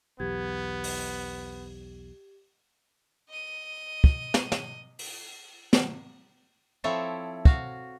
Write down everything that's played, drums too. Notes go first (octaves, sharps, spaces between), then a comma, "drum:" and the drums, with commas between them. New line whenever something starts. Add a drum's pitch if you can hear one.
B1 E2 B3 G4 G#6
drum: open hi-hat
D#5 D#7
drum: kick
drum: snare
drum: snare
drum: open hi-hat
drum: snare
F3 C4 E4 A4 C#5 E5
F#4 F5, drum: kick